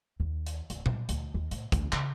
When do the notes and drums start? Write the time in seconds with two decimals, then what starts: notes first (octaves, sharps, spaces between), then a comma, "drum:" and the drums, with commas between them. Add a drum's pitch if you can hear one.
0.20 D#2
0.46 drum: hi-hat
0.70 D1, drum: hi-hat
0.86 B2, drum: tom A#2
1.09 D2, drum: hi-hat
1.34 D#2
1.51 A2, drum: hi-hat
1.72 D2, drum: kick, hi-hat
1.92 C#3, drum: clap